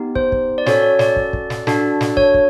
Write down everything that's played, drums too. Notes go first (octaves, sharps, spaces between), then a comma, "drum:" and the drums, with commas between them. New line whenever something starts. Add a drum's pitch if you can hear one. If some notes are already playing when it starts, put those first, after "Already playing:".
Already playing: B3 D#4 G4
C5, drum: kick
drum: kick
D5
C#4 F#4 A4 C#5, drum: snare
C#5
D5, drum: snare
drum: kick
drum: kick
drum: snare
D4 F#4 A4, drum: snare
drum: snare
C#5, drum: kick
drum: kick